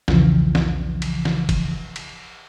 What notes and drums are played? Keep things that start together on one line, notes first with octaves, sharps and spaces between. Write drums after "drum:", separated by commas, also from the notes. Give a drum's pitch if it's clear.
B1 E2 C#3 E3 F3, drum: snare
drum: snare
drum: cymbal
drum: snare
drum: kick, cymbal
drum: cymbal